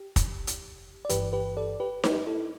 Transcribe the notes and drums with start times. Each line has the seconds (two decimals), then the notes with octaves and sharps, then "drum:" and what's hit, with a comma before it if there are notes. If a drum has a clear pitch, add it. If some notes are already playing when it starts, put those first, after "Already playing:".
Already playing: G4
0.16 drum: kick, hi-hat
0.47 drum: hi-hat
1.05 D5
1.09 G1 G2 E3 G4 B4, drum: hi-hat
1.33 G4 B4
1.57 A4 D5
1.80 G4 B4
2.04 G4 B4, drum: snare D#4
2.27 E4 A4